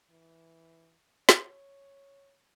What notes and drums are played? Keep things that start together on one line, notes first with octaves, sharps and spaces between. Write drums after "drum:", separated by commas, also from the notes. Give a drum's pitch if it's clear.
E3
C#5, drum: snare